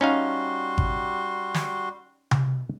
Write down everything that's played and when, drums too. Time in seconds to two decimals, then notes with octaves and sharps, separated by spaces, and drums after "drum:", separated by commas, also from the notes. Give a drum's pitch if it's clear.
0.01 G3 C#4 D#4 F#4 F5 C6
0.78 drum: kick G#1
1.54 drum: snare
2.31 drum: tom C3